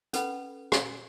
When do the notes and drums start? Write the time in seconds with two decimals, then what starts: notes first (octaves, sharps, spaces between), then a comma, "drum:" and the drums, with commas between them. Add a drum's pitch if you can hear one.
0.13 C#4 A4 B4 F#5 B5, drum: hi-hat
0.72 drum: rim click